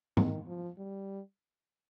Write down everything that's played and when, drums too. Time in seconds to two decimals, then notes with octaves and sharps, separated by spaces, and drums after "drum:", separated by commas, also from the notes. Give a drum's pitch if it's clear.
0.17 D#3, drum: tom G#2
0.47 F3
0.78 G3